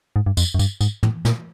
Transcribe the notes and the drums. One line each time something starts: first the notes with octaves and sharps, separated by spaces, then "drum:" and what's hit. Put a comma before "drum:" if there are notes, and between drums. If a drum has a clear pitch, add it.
G#2
G2
F2, drum: tambourine
F#2
G2, drum: tambourine
G#2, drum: tambourine
A2, drum: tom
A#2, drum: snare